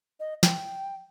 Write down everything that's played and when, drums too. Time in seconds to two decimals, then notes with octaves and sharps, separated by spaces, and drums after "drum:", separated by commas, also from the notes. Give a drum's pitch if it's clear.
0.20 D#5
0.43 G5, drum: snare